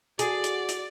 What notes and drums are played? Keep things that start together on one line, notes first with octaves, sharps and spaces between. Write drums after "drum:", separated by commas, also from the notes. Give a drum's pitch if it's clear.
F#4 G#4 D5, drum: hi-hat
drum: hi-hat
drum: hi-hat